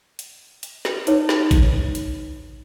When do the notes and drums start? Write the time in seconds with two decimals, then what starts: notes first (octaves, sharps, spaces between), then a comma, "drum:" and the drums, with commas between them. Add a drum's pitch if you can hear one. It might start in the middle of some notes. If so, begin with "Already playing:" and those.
0.19 drum: hi-hat
0.63 drum: hi-hat
0.85 drum: snare
1.07 D#4 B4 C#5, drum: hi-hat
1.29 drum: snare
1.51 drum: kick A1, hi-hat
1.95 drum: hi-hat